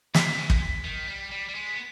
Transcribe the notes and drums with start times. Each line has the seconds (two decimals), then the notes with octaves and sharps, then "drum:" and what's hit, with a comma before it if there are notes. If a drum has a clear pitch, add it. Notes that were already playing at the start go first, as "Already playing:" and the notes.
0.14 A#3 B6, drum: snare
0.38 G#3
0.50 drum: kick
0.85 D#3
1.08 G3
1.31 G3
1.49 G3
1.55 G#3
1.73 B3